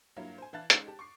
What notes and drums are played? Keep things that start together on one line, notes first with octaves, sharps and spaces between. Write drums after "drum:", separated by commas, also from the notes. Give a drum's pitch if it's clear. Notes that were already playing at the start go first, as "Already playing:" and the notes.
G2 F#3 A#3 E4 F4
C5 G#5
E3 E4 F5 A5 F#6 A6
G#3 C#4 D#4, drum: hi-hat
G4 A5
C#6 D6 C7